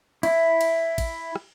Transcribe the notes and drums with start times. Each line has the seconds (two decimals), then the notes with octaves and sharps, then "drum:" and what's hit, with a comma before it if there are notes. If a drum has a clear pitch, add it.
0.23 E4, drum: cymbal
0.61 drum: cymbal
0.98 drum: kick A1, cymbal
1.35 drum: rim click